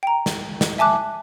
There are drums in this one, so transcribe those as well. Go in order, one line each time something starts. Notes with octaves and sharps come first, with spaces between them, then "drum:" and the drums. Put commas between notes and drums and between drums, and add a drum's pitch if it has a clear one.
G5 A#5
drum: snare
drum: snare
E5 G#5 A5 D6 F#6